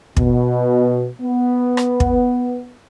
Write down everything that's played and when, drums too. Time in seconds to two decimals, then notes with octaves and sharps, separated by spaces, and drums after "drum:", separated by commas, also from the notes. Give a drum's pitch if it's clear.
0.17 B2, drum: kick
1.20 B3
1.77 drum: rim click
2.00 drum: kick